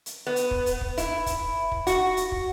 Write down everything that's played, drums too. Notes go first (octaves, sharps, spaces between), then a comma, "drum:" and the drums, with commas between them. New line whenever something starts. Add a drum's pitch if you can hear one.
drum: hi-hat
B3
drum: hi-hat
drum: kick
drum: hi-hat
drum: kick
E4, drum: hi-hat
drum: kick, hi-hat
drum: kick
F#4, drum: hi-hat
drum: hi-hat
drum: kick